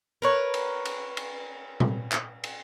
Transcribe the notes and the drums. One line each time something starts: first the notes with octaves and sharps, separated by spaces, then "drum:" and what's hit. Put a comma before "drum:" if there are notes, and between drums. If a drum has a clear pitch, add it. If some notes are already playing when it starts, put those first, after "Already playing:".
A#4 B4 C#5
drum: cymbal
drum: cymbal
drum: cymbal
drum: tom A#2
drum: clap
drum: cymbal